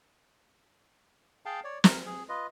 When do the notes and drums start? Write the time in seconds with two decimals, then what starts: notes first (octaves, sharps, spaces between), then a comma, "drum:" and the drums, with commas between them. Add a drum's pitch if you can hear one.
1.46 G#4 F5 G5 A5
1.64 C#5 D5
1.84 A#4, drum: snare
2.06 G#4
2.29 F4 B4 D#5